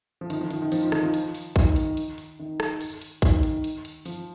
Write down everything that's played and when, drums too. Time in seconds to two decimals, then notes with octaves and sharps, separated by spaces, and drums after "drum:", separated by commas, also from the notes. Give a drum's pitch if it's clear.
0.21 F3
0.30 D#3, drum: hi-hat
0.41 F3
0.50 D#3, drum: hi-hat
0.62 D#3
0.72 F3, drum: open hi-hat
0.83 F3
0.92 D#3, drum: rim click
1.03 F3
1.14 drum: hi-hat
1.34 drum: open hi-hat
1.56 D#3, drum: kick
1.76 drum: hi-hat
1.97 drum: hi-hat
2.18 drum: hi-hat
2.39 D#3
2.60 drum: rim click
2.81 drum: open hi-hat
3.01 drum: hi-hat
3.22 D#3, drum: kick, hi-hat
3.43 drum: hi-hat
3.64 drum: hi-hat
3.85 drum: hi-hat
4.05 F3, drum: open hi-hat